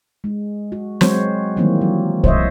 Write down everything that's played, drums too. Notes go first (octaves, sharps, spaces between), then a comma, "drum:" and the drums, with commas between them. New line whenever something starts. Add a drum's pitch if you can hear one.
G#3
F#4
F#3 G#3 C4 F#4 C5 C#5, drum: snare
D#3 E3 F#3 G3 A#3 C4
F#3
C5 C#5 D#5 E5, drum: kick